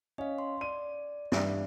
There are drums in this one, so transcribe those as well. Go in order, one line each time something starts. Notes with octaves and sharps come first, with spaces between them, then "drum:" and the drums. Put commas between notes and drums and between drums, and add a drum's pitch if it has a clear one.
C#4 D#5 F5
C6
D5 D#7
G2 D5 E5, drum: snare